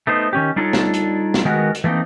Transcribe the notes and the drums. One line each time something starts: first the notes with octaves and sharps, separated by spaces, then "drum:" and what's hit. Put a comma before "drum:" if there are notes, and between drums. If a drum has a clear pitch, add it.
A3 B3 D#4 C5
D#3 C#4 G4
G3 D4 D#4 F4 A4 C#5
drum: snare
drum: hi-hat
drum: snare
D#3 G#3 B3 F#4 A#4
drum: hi-hat
E3 A3 A#3 C4 D#4